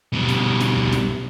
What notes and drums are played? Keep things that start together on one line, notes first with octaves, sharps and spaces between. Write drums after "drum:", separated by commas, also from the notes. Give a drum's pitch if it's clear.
B2 G3
drum: snare
drum: snare
drum: kick
drum: snare